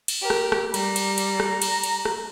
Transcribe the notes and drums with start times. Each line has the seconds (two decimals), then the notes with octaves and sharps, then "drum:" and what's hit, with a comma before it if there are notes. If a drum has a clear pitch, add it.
0.08 drum: cymbal
0.21 G4 A#4
0.30 drum: rim click
0.52 drum: rim click
0.74 G3 A#5, drum: cymbal
0.96 drum: cymbal
1.18 drum: cymbal
1.40 drum: rim click
1.62 drum: cymbal
1.84 drum: cymbal
2.05 drum: rim click